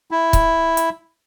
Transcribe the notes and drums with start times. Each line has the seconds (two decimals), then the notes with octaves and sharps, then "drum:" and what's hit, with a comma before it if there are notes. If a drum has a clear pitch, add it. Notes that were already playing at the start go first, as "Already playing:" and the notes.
0.11 E4
0.33 drum: kick C#1, hi-hat
0.77 drum: hi-hat